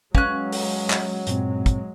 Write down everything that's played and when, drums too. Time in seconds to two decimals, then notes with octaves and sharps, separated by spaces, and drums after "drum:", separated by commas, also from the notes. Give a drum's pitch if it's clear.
0.15 F#3 G#3 C#4 B4 F5 F#6, drum: kick
0.52 drum: open hi-hat
0.90 drum: clap
1.27 G2 A#2 C4, drum: hi-hat
1.66 drum: kick, hi-hat